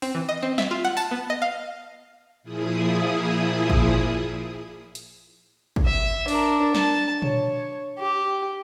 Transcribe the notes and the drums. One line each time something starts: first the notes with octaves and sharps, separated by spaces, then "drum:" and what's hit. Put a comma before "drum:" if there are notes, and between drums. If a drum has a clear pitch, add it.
C4, drum: open hi-hat
E3
D#5
C4
E5, drum: snare
F4
F#5
A5, drum: tambourine
B3
D#5
F5
A#2 F3 E4 G#4 D#6
drum: kick
drum: hi-hat
drum: kick
E5
D4 A#4, drum: open hi-hat
A5, drum: snare
C#5, drum: tom A#2
G4